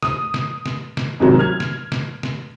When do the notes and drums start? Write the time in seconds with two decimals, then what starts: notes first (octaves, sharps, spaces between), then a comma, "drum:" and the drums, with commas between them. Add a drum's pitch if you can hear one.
0.03 D#6, drum: snare
0.34 drum: snare
0.66 drum: snare
0.97 drum: snare
1.20 G#2 C3 D#3 F#3
1.39 F6 G#6
1.60 drum: snare
1.92 drum: snare
2.23 drum: snare